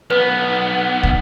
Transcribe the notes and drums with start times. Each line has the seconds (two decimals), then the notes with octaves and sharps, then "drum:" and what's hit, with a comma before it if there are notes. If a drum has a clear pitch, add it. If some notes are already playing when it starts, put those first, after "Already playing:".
0.10 B1 B3 B4
1.03 drum: kick